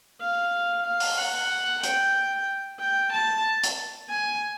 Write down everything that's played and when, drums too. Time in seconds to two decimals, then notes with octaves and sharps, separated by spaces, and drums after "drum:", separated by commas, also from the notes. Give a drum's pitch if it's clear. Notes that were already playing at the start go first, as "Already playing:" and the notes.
0.21 F5
0.86 F5
1.00 drum: open hi-hat
1.18 F#5
1.83 G5, drum: hi-hat
2.80 G5
3.12 A5
3.63 drum: hi-hat
4.09 G#5